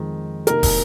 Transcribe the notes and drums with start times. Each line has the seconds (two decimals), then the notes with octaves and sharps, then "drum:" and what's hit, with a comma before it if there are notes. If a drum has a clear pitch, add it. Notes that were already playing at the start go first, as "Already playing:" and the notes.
Already playing: F2 D#3 G#3 D#4
0.47 C3 F#3 A#3 D#4 A#4, drum: hi-hat
0.63 drum: kick, open hi-hat